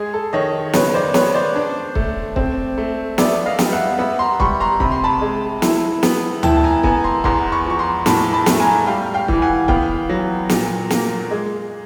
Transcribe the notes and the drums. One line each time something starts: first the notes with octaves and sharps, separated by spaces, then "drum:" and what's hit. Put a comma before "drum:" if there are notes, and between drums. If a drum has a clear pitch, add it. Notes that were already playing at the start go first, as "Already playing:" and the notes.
Already playing: G#3 G#4
A4
D#3 C#5 D#5
C#3 B4 C#5, drum: snare
C5 D5
B3 B4 C#5, drum: snare
C5 D5
D4
A3, drum: kick C#1
C4, drum: kick C#1
A3
B3 D5 E5, drum: snare
D#5 F5
G3, drum: snare
E5 F#5
B3 E5 F#5
A#5 C6
G3 B5 C#6, drum: kick C#1
A#5 C6
C3 B5, drum: kick C#1
C6
A5 B5
G#3
E4, drum: snare
B3, drum: snare
E4 G5 A5, drum: tom D2
A5
G#5 A#5
B3 G#5 A#5, drum: kick C#1
A#5 C6
E2 A#5 C6, drum: kick C#1
B5 C#6
F3 C#6
A#5 C6
A2 A5 B5, drum: snare
A5 B5
A3, drum: snare
G#5 A#5
G3 F5 G5
F5 G5
E3, drum: kick C#1
F#5 G#5
B3 F5 G5, drum: kick C#1
F#3
A#2, drum: snare
A#3, drum: snare
G#3